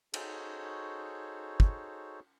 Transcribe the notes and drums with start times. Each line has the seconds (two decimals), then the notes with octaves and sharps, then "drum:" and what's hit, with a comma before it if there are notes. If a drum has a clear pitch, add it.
0.14 D#4 F#4 G#4 A4 C5 C#5, drum: cymbal
1.60 drum: kick